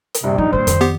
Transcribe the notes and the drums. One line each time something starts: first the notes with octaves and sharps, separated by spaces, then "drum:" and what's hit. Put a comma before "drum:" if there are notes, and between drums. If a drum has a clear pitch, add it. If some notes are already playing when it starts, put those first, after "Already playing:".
drum: hi-hat
A#1 G2 C3
F3 D#4
E3 A#3 C5
F2 D#3, drum: hi-hat
B3 G4